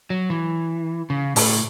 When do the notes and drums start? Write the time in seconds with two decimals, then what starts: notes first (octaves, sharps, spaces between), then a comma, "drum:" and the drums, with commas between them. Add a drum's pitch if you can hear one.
0.10 F#3
0.30 E3
1.10 C#3
1.36 A2, drum: open hi-hat